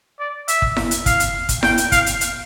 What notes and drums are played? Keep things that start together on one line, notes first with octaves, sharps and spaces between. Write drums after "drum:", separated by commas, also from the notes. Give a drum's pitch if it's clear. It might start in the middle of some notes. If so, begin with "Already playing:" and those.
D5
E5, drum: hi-hat
drum: kick
drum: snare E4
drum: hi-hat
F5, drum: kick, hi-hat
drum: hi-hat
drum: kick, hi-hat
G5, drum: snare E4
drum: hi-hat
F5, drum: kick, hi-hat
drum: hi-hat
drum: hi-hat